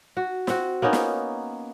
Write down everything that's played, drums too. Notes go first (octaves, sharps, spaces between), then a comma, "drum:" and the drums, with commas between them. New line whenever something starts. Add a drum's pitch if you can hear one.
F#4
C4 F#4, drum: snare
A#3 B3 C#4 D#4
drum: snare